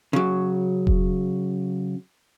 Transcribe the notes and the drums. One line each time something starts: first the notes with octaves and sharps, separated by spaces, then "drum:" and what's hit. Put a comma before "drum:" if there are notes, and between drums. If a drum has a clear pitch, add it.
C#3 F#3
drum: kick E1